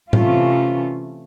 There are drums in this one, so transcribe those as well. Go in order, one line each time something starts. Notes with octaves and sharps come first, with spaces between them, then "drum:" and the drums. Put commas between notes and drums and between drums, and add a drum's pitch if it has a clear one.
C3 E3 A3 C#4 F4, drum: tom A2